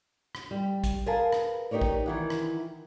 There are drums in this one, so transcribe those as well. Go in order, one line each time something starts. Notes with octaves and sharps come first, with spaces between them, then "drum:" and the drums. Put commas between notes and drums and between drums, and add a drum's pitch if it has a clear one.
drum: rim click
G3
drum: kick A#1, hi-hat
G#4 A#4 B4 F5 G#5 A5
drum: rim click
D#4 G4 A#4 C#5 D5
drum: kick A#1
D#3 E3 F#5
drum: rim click